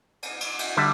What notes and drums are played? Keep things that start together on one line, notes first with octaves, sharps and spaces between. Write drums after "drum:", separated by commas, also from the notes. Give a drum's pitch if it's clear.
drum: cymbal
drum: cymbal
drum: cymbal
D3 G3 E5